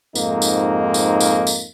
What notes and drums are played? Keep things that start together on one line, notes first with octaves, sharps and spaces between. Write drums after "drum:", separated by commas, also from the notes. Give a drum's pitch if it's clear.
F2 G#2 A#3 D#4, drum: tambourine
drum: tambourine
drum: tambourine
drum: tambourine
drum: tambourine